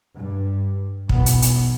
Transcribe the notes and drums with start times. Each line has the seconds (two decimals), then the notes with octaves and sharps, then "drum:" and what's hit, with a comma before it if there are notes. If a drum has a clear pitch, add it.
0.14 G2
1.09 B1 E2 B3, drum: kick
1.26 drum: hi-hat
1.42 drum: hi-hat